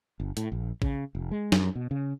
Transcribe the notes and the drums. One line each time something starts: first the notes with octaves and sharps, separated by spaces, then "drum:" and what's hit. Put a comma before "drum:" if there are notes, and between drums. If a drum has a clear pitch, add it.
G1
A2, drum: hi-hat
A#1
C#3, drum: kick A1
F1
G#3
F#2, drum: snare
B2
C#3